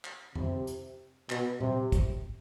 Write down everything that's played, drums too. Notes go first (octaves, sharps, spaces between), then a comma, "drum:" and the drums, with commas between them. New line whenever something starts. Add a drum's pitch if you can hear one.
drum: clap
C3, drum: tom F2
drum: hi-hat
B2, drum: clap
C3, drum: tom A#2
drum: kick, hi-hat